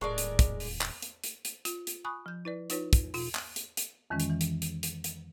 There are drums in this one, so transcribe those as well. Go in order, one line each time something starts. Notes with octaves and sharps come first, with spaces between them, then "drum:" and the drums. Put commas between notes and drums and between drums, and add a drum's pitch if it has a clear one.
D#1 A2 G#3 A#4 D5 A5
drum: hi-hat
drum: kick, hi-hat
drum: open hi-hat
drum: clap
drum: hi-hat
drum: hi-hat
drum: hi-hat
F4, drum: hi-hat
drum: hi-hat
G#5 B5 C#6 D#6 F#6
F3 G6
E4 B4 D5
D#4 F4 B4 C#5, drum: hi-hat
drum: kick, hi-hat
B2 F4, drum: open hi-hat
drum: clap
drum: hi-hat
drum: hi-hat
F2 D#3 E3 G#3 C#4
drum: hi-hat
E3
drum: hi-hat
drum: hi-hat
drum: hi-hat
drum: hi-hat